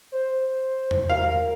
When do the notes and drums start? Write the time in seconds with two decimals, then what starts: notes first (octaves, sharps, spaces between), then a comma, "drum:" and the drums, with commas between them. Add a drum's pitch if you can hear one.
0.12 C5
0.91 drum: tom E2
1.10 A#4 F5